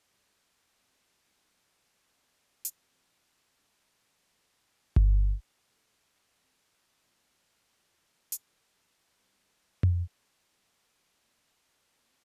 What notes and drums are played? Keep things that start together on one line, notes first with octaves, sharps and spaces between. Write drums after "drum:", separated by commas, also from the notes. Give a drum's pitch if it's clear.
G1 G2 G3 C4
C2 C3 F3
F1 F2 F3 D4
F1 F2 C3
drum: hi-hat
D2 C3 F3 C4
A#1 A#2 G3 D4 F4
G1 G2 D3 F3
A#1 A#2 G3 A#3, drum: kick G1
G1 G2 D3 G3 A#3
F2 C3 G3
A#1 A#2 F3 A#3
D2 D3 F3 D4 F4
drum: hi-hat
G2 F3 D4 G4 A#4
G2 G3 C4
A#2 A#3 D4 G4 A#4, drum: tom F2
G1 G2 D3 G3
A#2 A#3 D4
C3 A#3 D4